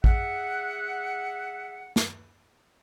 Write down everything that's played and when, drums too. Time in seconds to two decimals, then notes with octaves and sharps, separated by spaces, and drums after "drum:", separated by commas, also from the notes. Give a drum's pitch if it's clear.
0.04 G#4 E5 F#5, drum: kick A1
1.96 drum: snare